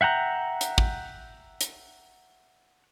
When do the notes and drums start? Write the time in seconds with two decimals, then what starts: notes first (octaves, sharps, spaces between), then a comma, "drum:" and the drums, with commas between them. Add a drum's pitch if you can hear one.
0.01 E5 F#5 G5 A#5 F#6
0.61 drum: hi-hat
0.78 drum: kick
1.61 drum: hi-hat